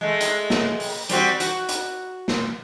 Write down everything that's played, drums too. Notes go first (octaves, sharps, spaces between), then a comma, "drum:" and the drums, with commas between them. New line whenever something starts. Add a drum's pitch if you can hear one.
G#3 A3
drum: hi-hat
drum: snare
drum: open hi-hat
G3 C4 F#4, drum: hi-hat
F#4, drum: hi-hat
drum: hi-hat
drum: snare